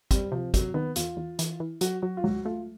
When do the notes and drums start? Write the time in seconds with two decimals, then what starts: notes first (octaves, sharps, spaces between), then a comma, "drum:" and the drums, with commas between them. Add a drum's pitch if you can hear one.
0.11 G3 C4, drum: kick, hi-hat
0.32 C3 F3
0.54 C3 F#3, drum: kick, hi-hat
0.74 D#3 B3
0.96 E2 F4, drum: hi-hat
1.17 E2
1.39 E3, drum: hi-hat
1.60 E3
1.81 F#3 F#4, drum: hi-hat
2.02 F#3 F#4
2.17 F4
2.24 F#3 F#4, drum: tom G#3
2.45 A3 F4